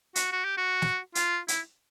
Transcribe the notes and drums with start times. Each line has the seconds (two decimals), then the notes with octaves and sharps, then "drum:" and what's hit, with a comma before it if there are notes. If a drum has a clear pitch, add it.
0.15 F#4, drum: hi-hat
0.32 F#4
0.45 G4
0.58 F#4
0.82 drum: snare
1.15 F4, drum: hi-hat
1.48 E4, drum: hi-hat